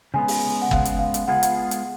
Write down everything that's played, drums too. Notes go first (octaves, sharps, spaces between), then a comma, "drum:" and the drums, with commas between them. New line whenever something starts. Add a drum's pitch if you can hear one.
C#3 G#3 B3 G#5
drum: open hi-hat
F#5
C#3 G#3 B3 F5, drum: kick
drum: hi-hat
F5
drum: hi-hat
G#3 B3 F4 G#4 F#5
drum: hi-hat
drum: hi-hat